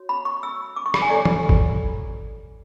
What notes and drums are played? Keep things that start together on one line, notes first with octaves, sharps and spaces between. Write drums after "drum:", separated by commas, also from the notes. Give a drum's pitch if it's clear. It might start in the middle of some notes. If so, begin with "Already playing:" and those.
Already playing: F#4 C#5
B5
C#6
E6
D6
C#6
B5, drum: rim click
G#5
E4 A4 C#5 D5
drum: tom
drum: kick G1